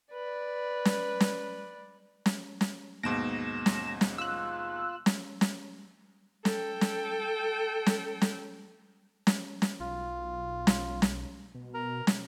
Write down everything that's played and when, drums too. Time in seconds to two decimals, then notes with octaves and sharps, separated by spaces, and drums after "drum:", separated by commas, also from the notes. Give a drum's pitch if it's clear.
0.13 B4 D5
0.85 drum: snare
1.20 drum: snare
2.26 drum: snare
2.61 drum: snare
3.03 D#2 G#2 B2 A#6 D7 E7
3.66 drum: snare
4.01 drum: snare
4.18 F4 E6 F#6
5.06 drum: snare
5.41 drum: snare
6.45 A4 G5, drum: snare
6.81 drum: snare
7.86 drum: snare
8.22 drum: snare
9.27 drum: snare
9.62 drum: snare
9.80 B1 F4
10.67 drum: snare
11.02 drum: snare
11.55 B2
11.74 A#4 A#5
12.07 drum: snare